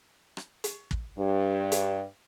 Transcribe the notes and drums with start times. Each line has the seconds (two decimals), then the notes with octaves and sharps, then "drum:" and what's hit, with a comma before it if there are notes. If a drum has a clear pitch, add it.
0.37 drum: rim click
0.64 drum: hi-hat
0.91 drum: kick
1.18 G2
1.72 drum: hi-hat